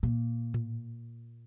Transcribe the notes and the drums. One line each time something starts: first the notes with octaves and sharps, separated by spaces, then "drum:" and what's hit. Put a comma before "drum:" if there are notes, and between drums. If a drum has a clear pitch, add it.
A#2
drum: tom A2